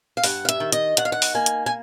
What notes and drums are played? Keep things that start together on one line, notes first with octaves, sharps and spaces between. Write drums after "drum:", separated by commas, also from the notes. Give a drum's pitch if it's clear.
F5
G2 F#5, drum: open hi-hat
F5
E5, drum: hi-hat
D#3
D#5, drum: hi-hat
D#3 F#5, drum: hi-hat
F5
F#5
drum: open hi-hat
A#3 G#5
drum: hi-hat
G#5